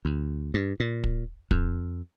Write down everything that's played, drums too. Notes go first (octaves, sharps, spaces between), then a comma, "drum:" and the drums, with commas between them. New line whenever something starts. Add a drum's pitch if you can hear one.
D2
G2
A#2
drum: kick
F2, drum: kick